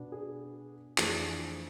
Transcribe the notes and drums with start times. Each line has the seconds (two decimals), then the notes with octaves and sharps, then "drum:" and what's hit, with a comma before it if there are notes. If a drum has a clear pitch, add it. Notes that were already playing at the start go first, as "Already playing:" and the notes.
Already playing: B2 B3 D4
0.12 G#4
0.98 F2 E3 A3 D4 G#4, drum: clap